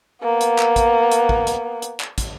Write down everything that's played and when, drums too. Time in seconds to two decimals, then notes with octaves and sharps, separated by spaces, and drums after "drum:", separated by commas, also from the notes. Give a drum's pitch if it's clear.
0.23 A#3 B3
0.41 drum: hi-hat
0.58 drum: clap
0.76 drum: kick, hi-hat
1.12 drum: hi-hat
1.29 drum: kick
1.47 drum: hi-hat
1.82 drum: hi-hat
2.00 drum: clap
2.18 drum: kick, hi-hat